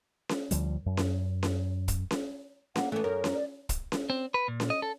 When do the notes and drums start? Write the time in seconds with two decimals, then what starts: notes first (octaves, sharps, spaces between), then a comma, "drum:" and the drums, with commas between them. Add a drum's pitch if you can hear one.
0.29 drum: snare C#4
0.51 D2 F3 G3, drum: hi-hat
0.86 F#2
0.97 drum: snare C#4
1.43 drum: snare C#4
1.88 drum: kick, hi-hat
2.11 drum: snare C#4
2.76 A#3 F#5, drum: snare C#4
2.92 E3 A3 B3 A4
3.04 F#2 A#4
3.24 drum: snare C#4
3.35 D5
3.69 drum: kick, hi-hat
3.92 drum: snare C#4
4.10 C4
4.34 B4
4.48 A#2
4.60 drum: snare C#4
4.70 D#5
4.82 A4